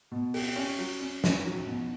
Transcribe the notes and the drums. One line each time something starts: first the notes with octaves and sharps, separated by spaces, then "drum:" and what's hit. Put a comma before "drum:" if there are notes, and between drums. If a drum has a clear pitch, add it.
B2
G4, drum: open hi-hat
C#4
F#3
C#4
C#4, drum: snare
F#3
B2